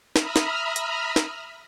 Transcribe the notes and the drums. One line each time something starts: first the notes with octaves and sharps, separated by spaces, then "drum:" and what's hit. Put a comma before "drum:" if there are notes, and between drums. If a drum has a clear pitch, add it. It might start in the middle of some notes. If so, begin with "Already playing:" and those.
E5 A#5 B5 D#6 F6, drum: snare
drum: snare
drum: hi-hat
drum: snare